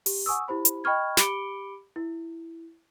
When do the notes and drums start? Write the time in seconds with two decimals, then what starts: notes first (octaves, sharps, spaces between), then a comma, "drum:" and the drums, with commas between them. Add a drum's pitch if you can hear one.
0.06 G4, drum: open hi-hat
0.26 F#5 G#5 C#6 D#6 E6
0.48 E4 G4 C5 B5
0.65 drum: hi-hat
0.84 D#5 G5 B5 C#6 F6 G#6
1.17 G4 B5 D6 C#7 D7 G7, drum: snare
1.96 E4